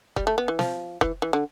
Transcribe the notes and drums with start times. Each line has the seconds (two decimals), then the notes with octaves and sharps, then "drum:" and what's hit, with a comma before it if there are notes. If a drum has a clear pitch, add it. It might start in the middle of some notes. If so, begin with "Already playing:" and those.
0.16 G3, drum: kick F1
0.27 A3
0.38 B3
0.48 E3
0.59 F3, drum: snare
1.01 E3, drum: kick F1
1.22 E3
1.33 D3